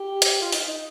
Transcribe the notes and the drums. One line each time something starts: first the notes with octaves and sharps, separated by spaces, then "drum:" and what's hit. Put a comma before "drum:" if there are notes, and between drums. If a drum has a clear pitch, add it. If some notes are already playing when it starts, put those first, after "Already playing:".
Already playing: G4
drum: hi-hat
F4
D#4, drum: open hi-hat
D#4